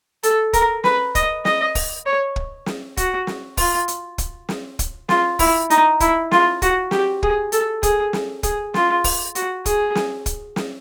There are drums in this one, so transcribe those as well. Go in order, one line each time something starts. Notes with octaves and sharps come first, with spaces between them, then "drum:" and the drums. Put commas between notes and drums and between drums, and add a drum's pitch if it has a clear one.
A4, drum: hi-hat
A#4, drum: kick, hi-hat
B4, drum: snare
D#5, drum: kick, hi-hat
D#5, drum: snare
drum: kick, open hi-hat
C#5
drum: kick
drum: snare
F#4, drum: kick, hi-hat
drum: snare
F4, drum: kick, open hi-hat
drum: hi-hat
drum: kick, hi-hat
drum: snare
drum: kick, hi-hat
F4, drum: snare
E4, drum: kick, open hi-hat
D#4, drum: hi-hat
E4, drum: kick, hi-hat
F4, drum: snare
F#4, drum: kick, hi-hat
G4, drum: snare
G#4, drum: kick
A4, drum: hi-hat
G#4, drum: kick, hi-hat
drum: snare
G#4, drum: kick, hi-hat
F4, drum: snare
drum: kick, open hi-hat
F#4, drum: hi-hat
G#4, drum: kick, hi-hat
drum: snare
drum: kick, hi-hat
drum: snare